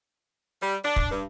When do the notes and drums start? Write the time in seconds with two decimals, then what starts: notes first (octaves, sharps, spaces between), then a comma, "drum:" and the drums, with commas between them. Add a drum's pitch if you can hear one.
0.62 G3
0.84 D4
0.96 drum: kick
1.11 G2